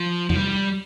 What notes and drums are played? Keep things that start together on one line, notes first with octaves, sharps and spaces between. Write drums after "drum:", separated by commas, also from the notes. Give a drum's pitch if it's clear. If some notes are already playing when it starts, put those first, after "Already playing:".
Already playing: F3
F3, drum: tom E2
G3